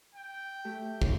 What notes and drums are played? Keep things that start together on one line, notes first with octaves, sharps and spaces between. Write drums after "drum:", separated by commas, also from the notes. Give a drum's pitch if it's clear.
G5
A3 G4
drum: kick